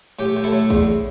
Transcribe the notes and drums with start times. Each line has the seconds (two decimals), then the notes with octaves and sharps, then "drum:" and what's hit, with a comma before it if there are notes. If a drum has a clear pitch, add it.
0.19 A2 G4
0.37 A2
0.44 E4 A4
0.52 A2
0.70 E2, drum: kick